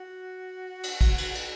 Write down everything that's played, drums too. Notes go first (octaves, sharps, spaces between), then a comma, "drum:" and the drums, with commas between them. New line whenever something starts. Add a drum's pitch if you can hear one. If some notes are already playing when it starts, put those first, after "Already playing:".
Already playing: F#4
drum: cymbal
drum: kick, cymbal
drum: cymbal
F#4, drum: cymbal